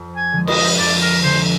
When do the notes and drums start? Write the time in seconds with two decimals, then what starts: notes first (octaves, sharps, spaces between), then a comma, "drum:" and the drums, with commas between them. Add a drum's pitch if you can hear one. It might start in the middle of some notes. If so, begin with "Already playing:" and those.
Already playing: F2
0.17 G#5
0.33 D3 F3 G#3
0.47 D#5, drum: cymbal
0.79 F2 D5
1.02 A#4
1.23 D3 F3 G#3 C5